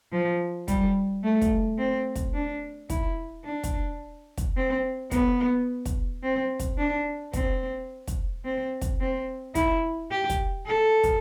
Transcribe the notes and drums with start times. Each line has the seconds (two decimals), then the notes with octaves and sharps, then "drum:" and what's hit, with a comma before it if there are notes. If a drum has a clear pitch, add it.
0.12 F3
0.68 G3, drum: kick, hi-hat
1.24 A3
1.42 drum: kick, hi-hat
1.78 C4
2.16 drum: kick, hi-hat
2.34 D4
2.90 E4, drum: kick, hi-hat
3.45 D4
3.64 drum: kick, hi-hat
4.38 drum: kick, hi-hat
4.56 C4
5.11 B3, drum: kick, hi-hat
5.86 drum: kick, hi-hat
6.23 C4
6.60 drum: kick, hi-hat
6.78 D4
7.33 C4, drum: kick, hi-hat
8.08 drum: kick, hi-hat
8.45 C4
8.81 drum: kick, hi-hat
9.00 C4
9.55 E4, drum: kick, hi-hat
10.11 G4
10.29 drum: kick, hi-hat
10.67 A4
11.03 drum: kick, hi-hat